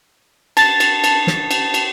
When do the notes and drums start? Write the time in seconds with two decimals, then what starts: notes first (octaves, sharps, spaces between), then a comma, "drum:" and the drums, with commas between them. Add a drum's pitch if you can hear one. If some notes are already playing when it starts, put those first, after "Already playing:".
0.57 A5 A6, drum: cymbal
0.80 drum: cymbal
1.04 drum: cymbal
1.27 drum: snare
1.51 drum: cymbal
1.74 drum: cymbal